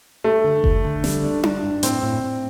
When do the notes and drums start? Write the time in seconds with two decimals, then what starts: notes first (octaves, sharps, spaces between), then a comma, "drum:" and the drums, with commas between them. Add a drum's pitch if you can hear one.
0.24 G2 A3
0.44 D3
0.64 D3, drum: kick F#1
0.85 D3
1.04 G3, drum: snare
1.24 D4
1.43 D4, drum: tom D4
1.63 G2
1.83 A2 C4, drum: hi-hat
2.03 A2
2.23 A2